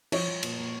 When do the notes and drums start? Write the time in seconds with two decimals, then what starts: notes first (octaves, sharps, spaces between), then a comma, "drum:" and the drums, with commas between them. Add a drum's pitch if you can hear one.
0.12 F3 C#5, drum: cymbal
0.28 F3
0.43 A#2, drum: cymbal
0.59 A#2